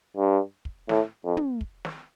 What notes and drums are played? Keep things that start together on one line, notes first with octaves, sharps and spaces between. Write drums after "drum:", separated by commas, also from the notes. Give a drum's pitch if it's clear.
G2
drum: kick
A2, drum: snare
F2
drum: tom
drum: kick
drum: snare